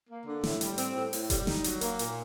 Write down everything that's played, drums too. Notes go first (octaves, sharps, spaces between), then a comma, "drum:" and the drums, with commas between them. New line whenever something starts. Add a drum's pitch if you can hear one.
A#3
D3
A2, drum: snare
G3, drum: hi-hat
C4, drum: hi-hat
A2
A2, drum: open hi-hat
G3, drum: kick F1, hi-hat
D#4, drum: snare
F#3, drum: hi-hat
A#3, drum: hi-hat
A#2, drum: hi-hat